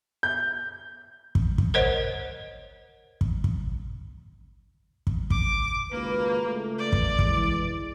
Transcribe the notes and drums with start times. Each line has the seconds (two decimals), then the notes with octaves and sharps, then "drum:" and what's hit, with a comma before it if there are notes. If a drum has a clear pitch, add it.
0.23 G6
1.35 drum: kick
1.58 drum: kick
1.74 A#4 C5 C#5 D#5 F#5
3.21 drum: kick
3.44 drum: kick
5.07 drum: kick
5.30 D6, drum: kick
5.92 G#1 C#2 A#3 B4
6.46 C#2 A3
6.78 D5
6.92 drum: kick
7.19 E3 G#3, drum: kick